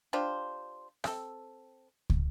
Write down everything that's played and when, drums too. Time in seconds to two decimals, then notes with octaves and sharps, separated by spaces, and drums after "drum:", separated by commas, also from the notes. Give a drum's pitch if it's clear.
0.13 D4 F4 G4 C5
1.04 C4 A4, drum: rim click
2.10 drum: kick